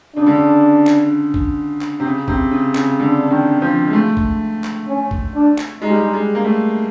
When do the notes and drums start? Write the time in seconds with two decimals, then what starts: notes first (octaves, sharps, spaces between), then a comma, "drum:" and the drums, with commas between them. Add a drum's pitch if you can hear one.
0.16 C#3 D4
0.26 D3
0.36 C#3
0.87 drum: clap
1.34 drum: kick
1.81 drum: clap
2.00 C3
2.05 C#3
2.28 C3, drum: kick
2.51 C#3
2.75 C#3, drum: clap
2.99 D3 D4
3.31 D#3
3.62 F3
3.87 G#3
3.93 A3
4.17 drum: kick
4.64 drum: clap
4.88 C#4
5.11 drum: kick
5.34 D4
5.58 drum: clap
5.82 G#3 D#4
5.90 G3
5.98 G#3
6.13 G#3
6.35 A#3
6.44 A3